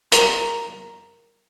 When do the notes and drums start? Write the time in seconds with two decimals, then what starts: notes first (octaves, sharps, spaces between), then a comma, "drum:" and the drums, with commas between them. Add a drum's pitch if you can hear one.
0.12 A#4, drum: hi-hat